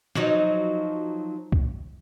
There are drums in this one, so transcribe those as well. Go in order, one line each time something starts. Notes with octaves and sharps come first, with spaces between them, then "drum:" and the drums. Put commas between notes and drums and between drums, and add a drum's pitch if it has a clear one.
F3 F#3 D#4, drum: snare
drum: kick C2